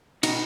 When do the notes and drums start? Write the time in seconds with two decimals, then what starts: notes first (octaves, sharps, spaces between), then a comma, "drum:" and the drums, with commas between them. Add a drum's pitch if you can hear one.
0.23 B2 D#4, drum: cymbal